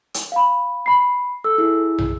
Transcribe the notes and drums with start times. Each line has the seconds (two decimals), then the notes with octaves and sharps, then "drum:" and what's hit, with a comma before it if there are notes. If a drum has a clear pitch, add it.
0.14 drum: hi-hat
0.32 F5 B5
0.86 B5 C7
1.44 A4 E6
1.58 E4 G#4
1.98 drum: tom